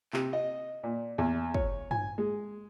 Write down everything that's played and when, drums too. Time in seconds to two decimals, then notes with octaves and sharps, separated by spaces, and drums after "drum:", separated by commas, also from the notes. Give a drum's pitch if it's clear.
0.13 C3, drum: clap
0.33 D#5
0.83 A#2
1.18 E2
1.54 C#5, drum: kick
1.91 G#5, drum: tom G2
2.18 G#3